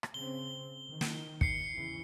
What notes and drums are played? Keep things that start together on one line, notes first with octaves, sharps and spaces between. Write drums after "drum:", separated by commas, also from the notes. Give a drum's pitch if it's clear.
drum: rim click
C#3 C4 G7
D#3
drum: snare
C7 C#7, drum: kick
E2 C#3 E3